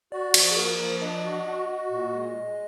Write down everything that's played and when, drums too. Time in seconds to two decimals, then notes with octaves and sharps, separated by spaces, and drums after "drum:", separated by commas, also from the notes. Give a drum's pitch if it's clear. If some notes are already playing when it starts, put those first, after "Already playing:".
0.12 F#4 D5
0.34 F3, drum: cymbal
0.51 G#4
0.56 A#3 A#4
0.79 F3
1.01 D4 D#5
1.24 F#4
1.46 F#4
1.69 F#4
1.91 A#2
2.14 G#3
2.36 G#3